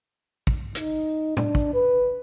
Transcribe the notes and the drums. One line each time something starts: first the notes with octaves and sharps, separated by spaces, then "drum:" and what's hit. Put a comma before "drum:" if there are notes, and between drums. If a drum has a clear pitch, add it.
drum: kick
D#4, drum: hi-hat
D4, drum: tom A2
drum: kick
B4